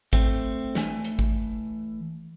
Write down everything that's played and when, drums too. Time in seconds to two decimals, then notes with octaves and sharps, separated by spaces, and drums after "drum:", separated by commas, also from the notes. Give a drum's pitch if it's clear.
0.13 A3 C4, drum: kick
0.75 E3 A3 G#5, drum: snare
1.05 drum: hi-hat
1.19 drum: kick